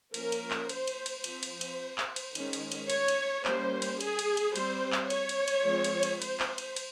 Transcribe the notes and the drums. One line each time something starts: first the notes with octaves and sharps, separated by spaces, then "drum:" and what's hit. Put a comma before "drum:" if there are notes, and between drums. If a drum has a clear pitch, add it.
F3 A#3 C#4 A#4, drum: cymbal
drum: cymbal
drum: clap
C5, drum: cymbal
drum: cymbal
drum: cymbal
F3 C4 C5, drum: cymbal
drum: cymbal
drum: cymbal
drum: clap
drum: cymbal
D#3 G#3 C#4, drum: cymbal
drum: cymbal
drum: cymbal
C#5, drum: cymbal
drum: cymbal
G3 A#3 C#4 C5, drum: clap
drum: cymbal
G#4, drum: cymbal
drum: cymbal
drum: cymbal
G3 C4 C5, drum: cymbal
drum: clap
C#5, drum: cymbal
drum: cymbal
drum: cymbal
F3 G#3 C4
drum: cymbal
drum: cymbal
C5, drum: cymbal
drum: clap
drum: cymbal
drum: cymbal